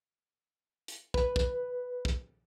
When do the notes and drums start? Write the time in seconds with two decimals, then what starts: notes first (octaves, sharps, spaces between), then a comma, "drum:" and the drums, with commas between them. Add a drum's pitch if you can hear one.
0.88 drum: hi-hat
1.14 B4, drum: kick
1.36 drum: kick
2.05 drum: kick